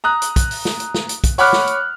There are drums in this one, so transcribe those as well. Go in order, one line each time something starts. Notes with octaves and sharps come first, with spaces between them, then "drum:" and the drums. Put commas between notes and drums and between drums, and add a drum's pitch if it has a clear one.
A#5 D#6 F#6
drum: hi-hat
drum: kick, hi-hat
drum: open hi-hat
drum: snare
drum: hi-hat
drum: snare
drum: hi-hat
drum: kick, hi-hat
C#5 F#5 B5 D6 F6 F#6, drum: open hi-hat
drum: snare
drum: hi-hat